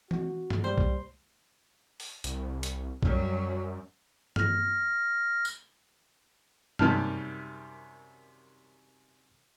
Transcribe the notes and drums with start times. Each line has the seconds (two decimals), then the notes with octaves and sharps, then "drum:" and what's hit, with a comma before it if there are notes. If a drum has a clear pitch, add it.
0.11 F#4, drum: tom E3
0.50 drum: tom G2
0.64 G3 C5
0.78 drum: kick C2
2.00 drum: open hi-hat
2.24 C2, drum: hi-hat
2.63 drum: hi-hat
3.03 F#2 F#3 G3, drum: kick C2
4.36 F6 A#6, drum: tom G2
5.45 drum: tambourine
6.79 F#2 C3 D#3 G3 A5 F6, drum: tom G2